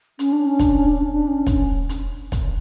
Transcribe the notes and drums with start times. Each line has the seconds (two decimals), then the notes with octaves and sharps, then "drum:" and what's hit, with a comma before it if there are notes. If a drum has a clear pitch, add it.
0.19 C#4, drum: hi-hat
0.32 D4
0.46 C#4
0.59 D4, drum: kick, hi-hat
0.73 C#4
0.86 D4
1.00 C#4
1.13 D4
1.27 C#4
1.47 drum: kick, hi-hat
1.89 drum: hi-hat
2.32 drum: kick, hi-hat